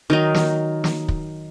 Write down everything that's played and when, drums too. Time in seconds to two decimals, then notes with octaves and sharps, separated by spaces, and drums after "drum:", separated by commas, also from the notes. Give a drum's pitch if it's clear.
0.10 D#3 F#3 D#4
0.34 drum: snare
0.84 drum: snare
1.08 drum: kick